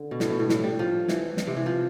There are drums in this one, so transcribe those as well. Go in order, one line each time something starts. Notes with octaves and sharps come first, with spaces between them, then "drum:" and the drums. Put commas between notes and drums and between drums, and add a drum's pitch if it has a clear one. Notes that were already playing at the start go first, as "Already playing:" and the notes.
Already playing: D3
B2
A2, drum: snare
B2
A2
A2, drum: snare
G3
F3
E3, drum: snare
drum: snare
C3
E3
F3